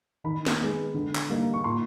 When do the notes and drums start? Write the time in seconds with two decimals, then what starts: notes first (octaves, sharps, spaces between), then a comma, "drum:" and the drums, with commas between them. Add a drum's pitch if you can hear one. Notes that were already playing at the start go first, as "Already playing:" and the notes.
0.24 D#3 B5
0.46 drum: snare
0.59 G#3 B3 D#4
0.94 D3
1.15 drum: clap
1.29 G3 A#3 D#4
1.54 C#6
1.64 A#2 C6